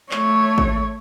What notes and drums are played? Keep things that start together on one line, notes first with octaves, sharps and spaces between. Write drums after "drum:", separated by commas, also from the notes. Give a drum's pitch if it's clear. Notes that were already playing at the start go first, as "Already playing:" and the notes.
A3 C#5, drum: clap
drum: kick